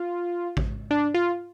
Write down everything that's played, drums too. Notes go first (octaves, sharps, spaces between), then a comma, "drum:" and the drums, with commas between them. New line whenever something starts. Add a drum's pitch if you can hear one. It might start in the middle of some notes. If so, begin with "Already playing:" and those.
Already playing: F4
drum: kick A1
D4
F4